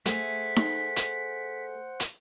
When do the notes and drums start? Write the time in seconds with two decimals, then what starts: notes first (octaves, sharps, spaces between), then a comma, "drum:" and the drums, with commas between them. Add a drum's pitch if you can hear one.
0.06 A3 G#4 C5 F#5 B6, drum: hi-hat
0.56 drum: snare D#4
0.96 drum: hi-hat
2.00 drum: hi-hat